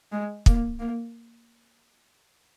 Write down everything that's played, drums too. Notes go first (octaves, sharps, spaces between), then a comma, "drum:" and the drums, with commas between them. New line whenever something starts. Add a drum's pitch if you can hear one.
G#3
A#3, drum: kick
A#3